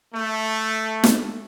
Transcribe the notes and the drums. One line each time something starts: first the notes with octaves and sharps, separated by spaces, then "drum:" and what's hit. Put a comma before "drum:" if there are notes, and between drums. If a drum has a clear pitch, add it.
A3
drum: snare